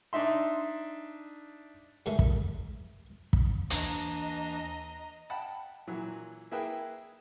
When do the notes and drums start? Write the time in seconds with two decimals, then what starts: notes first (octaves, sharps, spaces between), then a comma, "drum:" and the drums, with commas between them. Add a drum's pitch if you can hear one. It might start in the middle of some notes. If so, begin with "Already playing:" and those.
0.13 D4 D#4 E5 C6
2.06 G2 D3 D#3 G#3 A3
2.19 drum: kick
3.33 drum: kick
3.70 D#2 E3 D4 D#5 A#5, drum: hi-hat
5.30 F#5 G5 A5 B5
5.87 A#2 E3 F#3
6.51 A#3 E4 G#4 B4 E5 G5